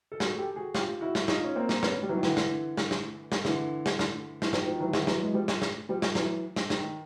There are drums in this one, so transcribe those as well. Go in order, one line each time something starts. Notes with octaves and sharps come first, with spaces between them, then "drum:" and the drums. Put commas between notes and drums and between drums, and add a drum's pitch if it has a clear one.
A4
F#4 G#4, drum: snare
G4 A4
F#4 G#4
F4 G4, drum: snare
E4 F#4
drum: snare
D#4 F4, drum: snare
C#4
A#3 C4
drum: snare
B3 C#4, drum: snare
G3
E3 F#3
D#3
D3 E3, drum: snare
drum: snare
drum: snare
drum: snare
drum: snare
D3 E3, drum: snare
drum: snare
drum: snare
E3, drum: snare
D#3 F3, drum: snare
D#3 F3
E3 F#3
D#3
D3 E3, drum: snare
E3 F#3, drum: snare
G#3
F3 G3
drum: snare
drum: snare
F3 G3
drum: snare
E3 F#3, drum: snare
drum: snare
D#3, drum: snare